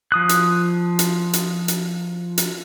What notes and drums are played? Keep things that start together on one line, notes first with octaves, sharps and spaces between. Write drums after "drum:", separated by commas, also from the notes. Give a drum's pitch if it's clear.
F3 D#6 F#6
drum: hi-hat
drum: hi-hat
drum: hi-hat
drum: hi-hat
drum: hi-hat